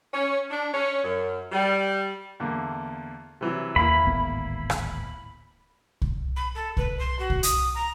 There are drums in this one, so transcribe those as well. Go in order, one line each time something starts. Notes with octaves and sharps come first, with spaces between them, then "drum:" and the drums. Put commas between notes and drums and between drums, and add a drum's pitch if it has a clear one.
C#4
D4
C#4
F#2
G3
E2 D3 A#3
C3 E3 F#3
D#2 A#3 E4 B5
D1 G#1 B3
drum: rim click
drum: kick C2
B5
A4
B4, drum: kick C2
C6
F#4
drum: kick C2
D#6, drum: hi-hat
A#5